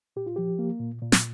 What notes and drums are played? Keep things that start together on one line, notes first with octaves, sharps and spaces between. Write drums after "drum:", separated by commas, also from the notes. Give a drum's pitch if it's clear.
A#2 G4
F4
F3 G4
A#3
A#2
A#2
drum: snare